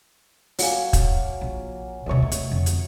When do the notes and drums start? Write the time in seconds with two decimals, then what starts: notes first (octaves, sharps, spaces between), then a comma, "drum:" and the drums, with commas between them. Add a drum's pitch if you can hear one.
0.59 F#3 A#3 G#5, drum: open hi-hat
0.93 drum: kick, hi-hat
1.41 A#1
2.06 D#2 C3 C#5 D#5 E5
2.22 A3
2.32 drum: hi-hat
2.51 F2 D3
2.66 drum: hi-hat